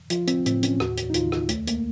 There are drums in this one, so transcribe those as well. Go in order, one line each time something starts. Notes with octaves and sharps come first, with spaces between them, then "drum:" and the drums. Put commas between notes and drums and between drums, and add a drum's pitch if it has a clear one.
F3 F4, drum: hi-hat
C4, drum: hi-hat
A2 C4, drum: hi-hat
C#4, drum: hi-hat
D#2 F#4, drum: rim click
drum: hi-hat
D#4
D#2 F4, drum: hi-hat
drum: rim click
C#2 A3, drum: hi-hat
A#3, drum: hi-hat